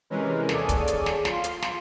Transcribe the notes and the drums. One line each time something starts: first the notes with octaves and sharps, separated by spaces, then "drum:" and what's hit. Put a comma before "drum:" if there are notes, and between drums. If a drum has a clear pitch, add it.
C3 E3 G#3 C#4 A#4 B4
D#2 G#4 A4 C#5 D5 D#7, drum: snare
drum: kick, hi-hat
drum: hi-hat
drum: snare
F4 C6, drum: snare
drum: hi-hat
drum: snare